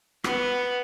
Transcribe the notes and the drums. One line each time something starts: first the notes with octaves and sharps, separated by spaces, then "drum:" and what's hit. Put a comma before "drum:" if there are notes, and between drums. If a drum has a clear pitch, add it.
B3, drum: rim click